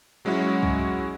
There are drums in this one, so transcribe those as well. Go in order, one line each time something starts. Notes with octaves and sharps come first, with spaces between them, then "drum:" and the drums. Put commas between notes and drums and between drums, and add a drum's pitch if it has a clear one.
F#3 G#3 C#4 E4 F#4 C#5
drum: kick